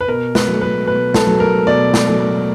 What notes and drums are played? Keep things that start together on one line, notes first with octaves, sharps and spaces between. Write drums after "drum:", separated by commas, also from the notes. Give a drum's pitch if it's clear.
B4
B2 A#4
B4, drum: snare
F#3 A3
B4
B2 B4
A4, drum: snare
F#3 A3
A#4
B2 D5
drum: snare
F#3 A3